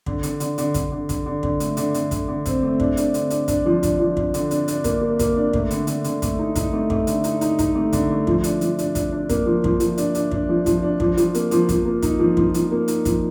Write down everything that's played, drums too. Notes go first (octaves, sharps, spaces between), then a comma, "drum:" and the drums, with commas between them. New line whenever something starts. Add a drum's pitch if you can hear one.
D3, drum: kick
D3, drum: hi-hat
D3, drum: hi-hat
D3, drum: hi-hat
D3, drum: kick, hi-hat
D3
D3, drum: kick, hi-hat
D3
D3, drum: kick
A3, drum: hi-hat
D3, drum: hi-hat
D3, drum: hi-hat
D3, drum: kick, hi-hat
D3
C4, drum: kick, hi-hat
A3
D4, drum: kick
D4, drum: hi-hat
D3, drum: hi-hat
D4, drum: hi-hat
D4, drum: kick, hi-hat
F3
D4, drum: kick, hi-hat
F3
D4, drum: kick
D3, drum: hi-hat
D4, drum: hi-hat
D4, drum: hi-hat
A#3, drum: kick, hi-hat
A#3
A#3, drum: kick, hi-hat
D4
A3, drum: kick
D3, drum: hi-hat
D3, drum: hi-hat
D3, drum: hi-hat
A3, drum: kick, hi-hat
D#4
D#4, drum: kick, hi-hat
A3
A3, drum: kick
D3, drum: hi-hat
D#4, drum: hi-hat
D#4, drum: hi-hat
D#4, drum: kick, hi-hat
A3
D3, drum: kick, hi-hat
A3
F3, drum: kick
D4, drum: hi-hat
F3, drum: hi-hat
D4, drum: hi-hat
D4, drum: kick, hi-hat
D4
A#3, drum: kick, hi-hat
F3
F3, drum: kick
F3, drum: hi-hat
D4, drum: hi-hat
D4, drum: hi-hat
D4, drum: kick
F3
F3, drum: kick, hi-hat
D4
F3, drum: kick
F3, drum: hi-hat
A#3, drum: hi-hat
F3, drum: hi-hat
F3, drum: kick, hi-hat
A#3
D#4, drum: kick, hi-hat
F3
F3, drum: kick
F3, drum: hi-hat
A#3
D#4, drum: hi-hat
F3, drum: kick, hi-hat